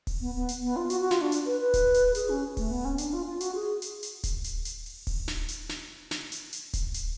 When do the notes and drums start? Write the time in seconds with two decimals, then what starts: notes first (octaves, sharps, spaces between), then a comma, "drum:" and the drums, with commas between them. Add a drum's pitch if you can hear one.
0.07 drum: kick D1, open hi-hat
0.21 B3
0.35 B3
0.49 drum: hi-hat
0.62 B3
0.76 F4
0.90 F#4, drum: hi-hat
1.01 F#4
1.11 F4, drum: snare
1.21 D4
1.32 drum: hi-hat
1.46 B4
1.60 B4
1.74 drum: kick D1, hi-hat
1.94 drum: hi-hat
2.15 G#4, drum: hi-hat
2.29 C#4
2.57 A3, drum: kick D1, open hi-hat
2.71 B3
2.85 C#4
2.98 D4, drum: hi-hat
3.13 F4
3.26 F4
3.41 F#4, drum: hi-hat
3.55 G#4
3.82 drum: hi-hat
4.03 drum: hi-hat
4.23 drum: kick D1, hi-hat
4.44 drum: hi-hat
4.65 drum: hi-hat
4.86 drum: open hi-hat
5.07 drum: kick D1, open hi-hat
5.28 drum: snare
5.48 drum: hi-hat
5.69 drum: snare
6.11 drum: snare
6.32 drum: hi-hat
6.53 drum: hi-hat
6.73 drum: kick D1, hi-hat
6.94 drum: hi-hat